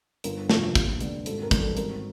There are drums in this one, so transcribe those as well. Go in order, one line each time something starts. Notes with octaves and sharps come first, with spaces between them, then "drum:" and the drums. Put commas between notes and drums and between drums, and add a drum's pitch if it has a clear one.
G1 A#4, drum: hi-hat
F2 C3 F3, drum: snare
D#2, drum: kick, hi-hat
D3 G3 B3, drum: hi-hat
G#1 A4, drum: hi-hat
A#4
G2 E3 G3 B3, drum: kick, hi-hat
A4
G#1 A#4, drum: hi-hat